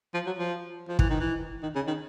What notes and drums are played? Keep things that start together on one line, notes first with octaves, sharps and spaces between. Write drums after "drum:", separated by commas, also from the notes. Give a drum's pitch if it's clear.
F3
F#3
F3
F3
E3, drum: kick
D#3
E3
D#3
C#3
D#3